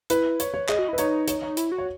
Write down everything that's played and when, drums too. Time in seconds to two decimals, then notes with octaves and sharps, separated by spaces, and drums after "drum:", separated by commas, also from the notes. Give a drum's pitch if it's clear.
0.10 E4 B4, drum: hi-hat
0.40 C#5, drum: hi-hat
0.54 C#5
0.69 G#4 D#5, drum: clap
0.79 F#4
0.88 E4 B4
0.98 D#4 C#5, drum: hi-hat
1.28 C#5, drum: hi-hat
1.42 C#5
1.57 E4, drum: hi-hat
1.72 F#4
1.78 C#5